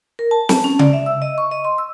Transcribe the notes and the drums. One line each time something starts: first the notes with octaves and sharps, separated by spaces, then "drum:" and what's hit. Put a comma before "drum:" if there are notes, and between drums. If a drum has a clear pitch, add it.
A#4
A5
A5, drum: snare
C#4
D5, drum: tom C#3
E5
E6
D#5
C#6
D#5
C6
E6